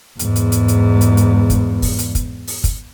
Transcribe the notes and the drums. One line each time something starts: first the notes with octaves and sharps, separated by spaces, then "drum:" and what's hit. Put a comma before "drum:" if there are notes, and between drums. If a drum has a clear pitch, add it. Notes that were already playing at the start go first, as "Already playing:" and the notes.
E2 G#2, drum: hi-hat
drum: hi-hat
drum: hi-hat
drum: hi-hat
drum: hi-hat
drum: hi-hat
drum: kick, hi-hat
drum: kick, open hi-hat
drum: hi-hat
drum: kick, hi-hat
drum: open hi-hat
drum: kick, hi-hat